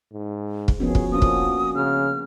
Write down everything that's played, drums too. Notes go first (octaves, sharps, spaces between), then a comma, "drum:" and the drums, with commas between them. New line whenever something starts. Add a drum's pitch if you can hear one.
G#2
drum: kick
G#1 F3 B3 C#4 F#4 G#4
drum: kick
F3 A#3 C#4 D4 D#6
drum: kick
C#3 F6